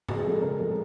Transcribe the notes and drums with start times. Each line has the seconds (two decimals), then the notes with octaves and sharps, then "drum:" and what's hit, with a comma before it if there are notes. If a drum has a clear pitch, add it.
0.08 C#3 G#4, drum: tom G#2
0.26 F3 G#3 A4
0.42 C#3 A#4
0.59 F3 G#3 A4